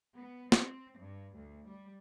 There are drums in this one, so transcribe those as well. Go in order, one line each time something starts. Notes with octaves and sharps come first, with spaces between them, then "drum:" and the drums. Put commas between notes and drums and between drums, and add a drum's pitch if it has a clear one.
B3
C4, drum: snare
G2
D2
G3